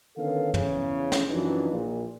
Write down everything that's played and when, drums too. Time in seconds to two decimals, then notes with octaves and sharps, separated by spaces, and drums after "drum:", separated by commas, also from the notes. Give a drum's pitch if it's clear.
0.17 D3 D#3 B3 C#4 A4 F5
0.54 E2 C#3, drum: tom
1.12 drum: snare
1.29 F#2 E3 F3 D4 D#4
1.71 A#1 A#2